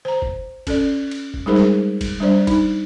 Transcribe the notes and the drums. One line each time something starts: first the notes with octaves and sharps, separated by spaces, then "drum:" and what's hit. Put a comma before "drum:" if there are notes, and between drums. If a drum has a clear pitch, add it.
C5 A#5
drum: kick
C#4 A4 D5, drum: kick, cymbal
drum: cymbal
drum: kick
G3 G#3 D#4 G#4 A#4 C5
drum: snare
drum: kick, cymbal
G3 D4 C5 D5
D#4, drum: kick, cymbal